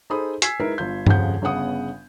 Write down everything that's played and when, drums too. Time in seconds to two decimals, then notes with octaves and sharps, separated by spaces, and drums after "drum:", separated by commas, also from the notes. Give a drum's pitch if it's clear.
0.10 D#4 G#4 A4 C5 B5 D#6
0.42 G#5 E6 G#6 B6 C7, drum: hi-hat
0.60 G#3 D#4 E4 A#4 B4
0.78 G1 F4 G6
1.07 D#1 F2 C#3 F3 F#5 G6, drum: tom G2
1.42 G1 C#3 B3 F#5 D#6